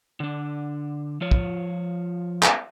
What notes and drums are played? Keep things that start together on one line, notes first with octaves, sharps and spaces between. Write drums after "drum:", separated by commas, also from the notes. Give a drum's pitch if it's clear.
D3 D4
F3 F4 C#5
drum: kick
drum: clap